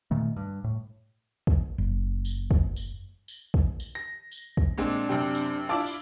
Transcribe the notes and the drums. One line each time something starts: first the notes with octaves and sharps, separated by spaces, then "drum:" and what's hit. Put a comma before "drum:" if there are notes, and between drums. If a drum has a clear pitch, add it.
A#2 D#3 A3
G2
A2
drum: kick
F#1
drum: tambourine
drum: kick
drum: tambourine
drum: tambourine
drum: kick
drum: tambourine
A#6
drum: tambourine
drum: kick
A#2 G#3 C4 D4
F#2 C3 C4 G4
drum: tambourine
D4 E4 F4 F5 A5 D6
drum: tambourine